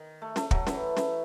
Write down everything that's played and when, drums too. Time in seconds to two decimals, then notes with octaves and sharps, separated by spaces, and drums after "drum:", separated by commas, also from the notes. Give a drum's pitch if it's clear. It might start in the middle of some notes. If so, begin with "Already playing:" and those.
Already playing: D#3
0.22 A3
0.36 A3, drum: snare
0.51 F#3, drum: kick
0.67 E3, drum: snare
0.97 drum: snare